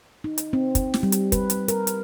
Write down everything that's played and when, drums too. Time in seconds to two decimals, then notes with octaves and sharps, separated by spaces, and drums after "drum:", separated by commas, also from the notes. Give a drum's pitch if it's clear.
0.24 D#4
0.38 drum: hi-hat
0.53 C4
0.75 drum: kick, hi-hat
0.94 drum: snare
1.03 G3
1.12 drum: hi-hat
1.32 B4, drum: kick, hi-hat
1.50 drum: hi-hat
1.68 A#4, drum: hi-hat
1.87 drum: hi-hat